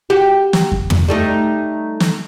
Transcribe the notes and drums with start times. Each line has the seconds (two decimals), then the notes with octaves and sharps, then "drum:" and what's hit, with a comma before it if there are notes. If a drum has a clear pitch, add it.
0.10 F#4 G4
0.53 drum: snare
0.72 drum: kick F2
0.90 drum: tom
1.08 G3 A3 D#4
2.00 drum: snare